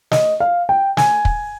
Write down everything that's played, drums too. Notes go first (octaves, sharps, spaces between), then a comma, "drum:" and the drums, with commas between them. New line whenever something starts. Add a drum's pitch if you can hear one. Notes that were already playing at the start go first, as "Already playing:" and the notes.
D#5, drum: snare
F5
G5
G#5, drum: snare
drum: kick